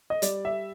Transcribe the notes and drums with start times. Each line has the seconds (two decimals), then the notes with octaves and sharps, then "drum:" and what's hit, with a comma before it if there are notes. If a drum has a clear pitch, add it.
0.10 D#5
0.22 G3 D5, drum: hi-hat
0.45 E5